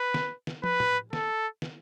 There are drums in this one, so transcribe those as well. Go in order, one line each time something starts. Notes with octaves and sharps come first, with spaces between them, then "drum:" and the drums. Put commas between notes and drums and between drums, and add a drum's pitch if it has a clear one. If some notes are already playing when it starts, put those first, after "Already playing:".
Already playing: B4
drum: snare
drum: snare
B4, drum: tom
drum: tom A2
A4, drum: snare
drum: snare